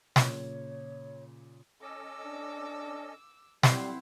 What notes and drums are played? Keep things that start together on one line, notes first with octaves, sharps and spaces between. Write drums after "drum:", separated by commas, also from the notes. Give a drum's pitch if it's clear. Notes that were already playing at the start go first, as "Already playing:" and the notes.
A#2 C#3 C#5, drum: snare
C#4 A4 D#5 D6 E6
D4
G3 C4 E4 C5 F#5, drum: snare